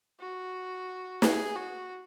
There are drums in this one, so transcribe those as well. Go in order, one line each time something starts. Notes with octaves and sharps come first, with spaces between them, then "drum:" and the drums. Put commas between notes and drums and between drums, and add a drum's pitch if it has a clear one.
F#4
G#4, drum: snare
F#4